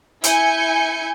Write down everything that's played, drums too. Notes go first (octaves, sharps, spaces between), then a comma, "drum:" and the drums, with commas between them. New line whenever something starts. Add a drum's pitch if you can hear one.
E4 G#5 G6 C#7, drum: hi-hat